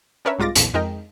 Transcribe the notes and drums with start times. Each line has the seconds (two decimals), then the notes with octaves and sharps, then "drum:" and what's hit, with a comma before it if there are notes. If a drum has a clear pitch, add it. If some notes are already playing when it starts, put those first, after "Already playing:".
0.25 C#4 D4 A#4 B4 C#5 E5
0.39 C2 G#2 F4 D6 A6 A#6
0.56 B1 E2 A#2, drum: hi-hat
0.74 F2 G#3 D#4 A#4 D#5 G5